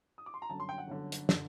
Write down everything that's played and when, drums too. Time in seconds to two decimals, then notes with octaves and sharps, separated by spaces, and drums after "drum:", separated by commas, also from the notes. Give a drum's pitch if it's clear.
0.18 D#6
0.26 D6
0.34 C6
0.42 A#5
0.49 G1 F#2 D3 A5
0.60 C6
0.69 G5
0.78 F#5
0.88 G1 F#2 D3
1.12 drum: hi-hat
1.29 D3, drum: snare